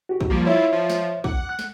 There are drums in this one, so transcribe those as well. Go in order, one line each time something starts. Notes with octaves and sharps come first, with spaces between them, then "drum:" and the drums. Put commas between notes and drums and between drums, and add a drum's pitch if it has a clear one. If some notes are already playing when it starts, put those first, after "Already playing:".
F#4 G4
drum: kick
F3 G3 A#3
E4 F4 C#5 E5
F3
drum: snare
F#5 D6, drum: kick
F#6
drum: snare